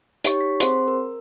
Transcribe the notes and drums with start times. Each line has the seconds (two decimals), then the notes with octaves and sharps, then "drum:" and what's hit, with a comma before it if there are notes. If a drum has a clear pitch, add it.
0.24 D#4 G4 C#5 C#6, drum: hi-hat
0.41 B6
0.60 C4 G#4 C5 C6, drum: hi-hat
0.88 A#4